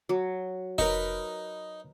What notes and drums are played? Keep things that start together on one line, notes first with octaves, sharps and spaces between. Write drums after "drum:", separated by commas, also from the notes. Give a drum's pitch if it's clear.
F#3
D#4 A#4 B4 C#5, drum: kick F1